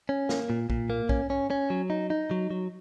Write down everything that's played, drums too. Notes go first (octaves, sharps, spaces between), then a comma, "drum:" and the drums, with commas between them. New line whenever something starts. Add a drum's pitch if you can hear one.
C#4
A#3, drum: snare
A#2
A#2, drum: kick
A#3
C#4, drum: kick
C#4
C#4
F#3
D#4
D#4
F#3
F#3